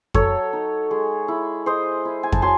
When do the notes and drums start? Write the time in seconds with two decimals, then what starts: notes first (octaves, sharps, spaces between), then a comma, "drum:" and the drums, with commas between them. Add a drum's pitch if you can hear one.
0.15 F#3 A4 C#5, drum: kick F2
0.53 D#4
0.91 G#3
1.28 E4
1.66 G#3 C5 D#5
2.05 E4
2.23 G#5
2.33 A5, drum: kick F2
2.42 F#3 G#5 C6